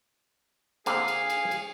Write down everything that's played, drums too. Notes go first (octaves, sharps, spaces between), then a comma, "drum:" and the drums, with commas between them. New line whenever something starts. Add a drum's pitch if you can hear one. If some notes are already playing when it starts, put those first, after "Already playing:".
D3 A#3 C4 G#4 F5 G#5, drum: cymbal
drum: cymbal
drum: cymbal
drum: cymbal